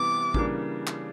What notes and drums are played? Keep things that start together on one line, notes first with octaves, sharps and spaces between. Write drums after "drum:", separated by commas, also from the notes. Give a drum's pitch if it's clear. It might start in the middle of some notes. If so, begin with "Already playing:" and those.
Already playing: C3 E3 G3 B3 D6
C#3 E3 G3 A#3 D4, drum: kick A1
drum: clap